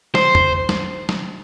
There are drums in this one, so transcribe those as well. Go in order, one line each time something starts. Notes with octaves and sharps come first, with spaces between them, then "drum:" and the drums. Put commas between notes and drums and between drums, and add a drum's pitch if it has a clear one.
C5, drum: snare
drum: tom E2
drum: snare
drum: snare